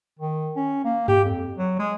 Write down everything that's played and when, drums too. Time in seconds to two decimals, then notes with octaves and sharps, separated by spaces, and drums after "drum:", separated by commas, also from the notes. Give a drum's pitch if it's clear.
0.19 D#3
0.56 C#4
0.84 A#3
1.08 G4, drum: tom G2
1.24 F2
1.58 F#3
1.79 G#3